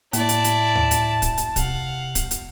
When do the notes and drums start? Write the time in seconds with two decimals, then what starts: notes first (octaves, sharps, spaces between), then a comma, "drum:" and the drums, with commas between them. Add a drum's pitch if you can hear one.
0.13 A2 A#3 E4 D5 A5, drum: hi-hat
0.29 drum: hi-hat
0.44 drum: hi-hat
0.75 drum: tom D2
0.91 drum: hi-hat
1.22 drum: kick, hi-hat
1.37 drum: hi-hat
1.56 C3 F5 F#5, drum: kick, hi-hat
2.15 drum: kick, hi-hat
2.31 drum: hi-hat